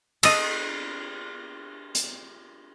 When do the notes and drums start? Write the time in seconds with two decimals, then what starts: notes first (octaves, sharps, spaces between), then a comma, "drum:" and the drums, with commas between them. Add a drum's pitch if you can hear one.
0.23 A4 D#5, drum: cymbal
1.95 drum: hi-hat